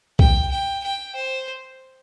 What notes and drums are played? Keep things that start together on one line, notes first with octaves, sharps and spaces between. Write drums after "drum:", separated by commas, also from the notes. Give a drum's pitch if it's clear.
G5, drum: kick
G5
G5
C5